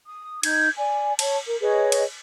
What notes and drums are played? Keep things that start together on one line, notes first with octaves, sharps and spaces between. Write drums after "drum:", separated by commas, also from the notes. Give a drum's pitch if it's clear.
D#6
D#4 G6 G#6, drum: cymbal
D5 G#5
C#5 A5, drum: cymbal
A#4
G#4 B4 C#5 D#5
drum: cymbal